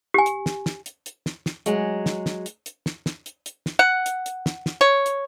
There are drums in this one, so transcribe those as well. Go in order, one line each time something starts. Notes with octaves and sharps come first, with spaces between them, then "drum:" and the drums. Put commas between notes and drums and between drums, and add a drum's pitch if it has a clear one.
G4 G#5
drum: hi-hat
drum: snare
drum: snare
drum: hi-hat
drum: hi-hat
drum: snare
drum: snare
F#3 G#3, drum: hi-hat
drum: snare
drum: snare
drum: hi-hat
drum: hi-hat
drum: snare
drum: snare
drum: hi-hat
drum: hi-hat
drum: snare
F#5
drum: hi-hat
drum: hi-hat
drum: snare
drum: snare
C#5
drum: hi-hat